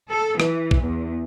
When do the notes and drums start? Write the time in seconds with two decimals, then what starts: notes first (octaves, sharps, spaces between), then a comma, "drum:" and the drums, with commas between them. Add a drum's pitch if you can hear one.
0.10 A4
0.40 E3, drum: rim click
0.71 drum: kick A#1
0.81 E2